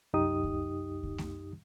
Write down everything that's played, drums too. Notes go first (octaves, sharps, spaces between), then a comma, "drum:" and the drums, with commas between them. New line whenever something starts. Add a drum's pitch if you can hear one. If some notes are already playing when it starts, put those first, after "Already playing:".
C2 F#2 D#4 G4 D#6
drum: kick C#2
drum: kick C#2
drum: snare A3